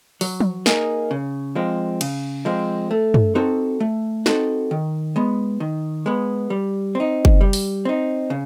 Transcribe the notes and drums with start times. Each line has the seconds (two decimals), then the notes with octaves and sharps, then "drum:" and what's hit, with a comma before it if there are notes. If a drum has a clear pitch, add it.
0.21 F#3, drum: open hi-hat
0.40 drum: tom
0.66 A#3 D#4 G#4, drum: snare
1.11 C#3
1.55 F3 G#3 C4
2.01 C#3, drum: cymbal
2.45 F3 G#3 C4
2.91 A3
3.14 drum: tom
3.35 C4 D#4 F#4 A4
3.80 A3
4.26 C4 D#4 F#4 A4, drum: snare
4.71 D#3
5.16 G#3 B3
5.60 D#3
6.06 G#3 B3
6.50 G3
6.95 C4 D#4
7.25 drum: kick F#1
7.41 G3
7.53 drum: open hi-hat
7.85 C4 D#4
8.30 C#3